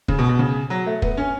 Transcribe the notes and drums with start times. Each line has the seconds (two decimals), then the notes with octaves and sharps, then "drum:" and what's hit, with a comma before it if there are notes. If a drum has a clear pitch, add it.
0.08 C#3, drum: kick
0.19 B2
0.29 B2
0.39 C#3
0.70 F#3
0.86 A3
1.02 B3, drum: kick
1.17 C#4